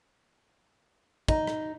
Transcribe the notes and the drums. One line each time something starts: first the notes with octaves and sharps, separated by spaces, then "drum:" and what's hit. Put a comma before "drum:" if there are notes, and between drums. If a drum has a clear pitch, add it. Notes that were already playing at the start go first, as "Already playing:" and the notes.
D#4, drum: kick
drum: rim click